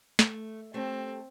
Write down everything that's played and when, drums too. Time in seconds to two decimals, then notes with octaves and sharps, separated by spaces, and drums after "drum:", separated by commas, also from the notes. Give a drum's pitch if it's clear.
0.19 A3, drum: snare
0.74 A3 C4 G4 A4